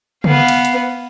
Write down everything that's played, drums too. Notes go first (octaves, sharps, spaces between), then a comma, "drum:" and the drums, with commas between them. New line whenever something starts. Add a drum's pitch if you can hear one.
B3 F5, drum: tom C#3
drum: cymbal
drum: hi-hat